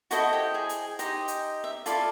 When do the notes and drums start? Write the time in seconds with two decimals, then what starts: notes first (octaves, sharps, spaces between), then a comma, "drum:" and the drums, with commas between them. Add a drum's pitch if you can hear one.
0.11 E4 F#4 A4 C5 D#5 F#5, drum: hi-hat
0.33 G4 G5
0.54 G#4 G#5
0.69 drum: hi-hat
0.99 D#4 G4 C5 D#5, drum: hi-hat
1.28 drum: hi-hat
1.64 E5
1.86 E4 F4 A4 D5 F5, drum: hi-hat